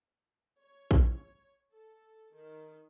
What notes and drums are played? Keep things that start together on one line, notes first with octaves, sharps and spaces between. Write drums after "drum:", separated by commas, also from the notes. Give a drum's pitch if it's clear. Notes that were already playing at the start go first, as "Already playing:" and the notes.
C#5
drum: kick
A4
D#3